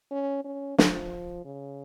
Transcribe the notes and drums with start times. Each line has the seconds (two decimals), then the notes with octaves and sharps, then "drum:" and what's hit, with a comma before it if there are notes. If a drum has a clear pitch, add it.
0.11 C#4
0.45 C#4
0.78 F3, drum: snare
1.45 C#3